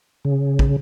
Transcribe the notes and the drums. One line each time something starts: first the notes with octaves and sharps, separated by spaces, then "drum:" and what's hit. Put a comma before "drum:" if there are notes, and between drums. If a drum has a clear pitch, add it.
C#3
drum: kick